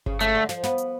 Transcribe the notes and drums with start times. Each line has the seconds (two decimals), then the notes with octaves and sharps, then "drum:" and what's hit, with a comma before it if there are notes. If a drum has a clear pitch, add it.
0.06 C#3, drum: kick G1
0.20 C#3 A3, drum: hi-hat
0.35 D3
0.49 F3, drum: snare
0.64 B3, drum: snare
0.78 drum: hi-hat